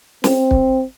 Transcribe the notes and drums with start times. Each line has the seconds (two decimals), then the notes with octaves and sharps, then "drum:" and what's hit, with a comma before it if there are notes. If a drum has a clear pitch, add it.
0.24 C4, drum: snare
0.51 drum: kick